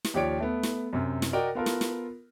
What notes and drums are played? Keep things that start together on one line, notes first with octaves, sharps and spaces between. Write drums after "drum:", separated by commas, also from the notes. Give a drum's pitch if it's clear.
drum: snare
D#2 F3 G4 C#5 D5 D7
A3 B3
drum: snare
F#2 C3
drum: snare
F#4 A#4 D5 D#5 G5
B3 F4 A4 A#4
drum: snare
drum: snare